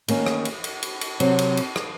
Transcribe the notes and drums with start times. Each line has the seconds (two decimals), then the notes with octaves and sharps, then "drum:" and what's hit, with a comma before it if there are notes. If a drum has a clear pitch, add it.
0.08 D#3 A#3 C#4, drum: cymbal
0.26 drum: rim click
0.45 drum: cymbal
0.64 drum: cymbal
0.82 drum: cymbal
1.01 drum: cymbal
1.20 C3 F#3 C4, drum: cymbal
1.38 drum: cymbal
1.57 drum: cymbal
1.76 drum: rim click